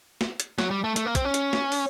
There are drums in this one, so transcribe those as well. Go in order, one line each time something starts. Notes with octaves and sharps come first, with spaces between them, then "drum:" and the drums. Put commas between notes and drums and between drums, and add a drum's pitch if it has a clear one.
drum: snare
drum: hi-hat
F#3, drum: snare
G3
A3
A3, drum: hi-hat
A#3
C4, drum: kick, hi-hat
C#4
drum: hi-hat
drum: snare
drum: open hi-hat